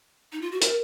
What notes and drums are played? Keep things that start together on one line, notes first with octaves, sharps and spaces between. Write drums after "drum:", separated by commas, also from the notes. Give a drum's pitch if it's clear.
D#4
F4
F#4
A#4, drum: hi-hat